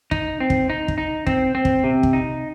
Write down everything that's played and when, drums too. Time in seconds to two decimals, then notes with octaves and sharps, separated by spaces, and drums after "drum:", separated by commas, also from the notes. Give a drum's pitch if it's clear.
0.11 D#4, drum: kick
0.40 C4
0.50 drum: kick
0.70 D#4
0.88 drum: kick
0.98 D#4
1.27 C4, drum: kick
1.55 C4
1.65 drum: kick
1.84 C3
2.03 drum: kick
2.13 D#4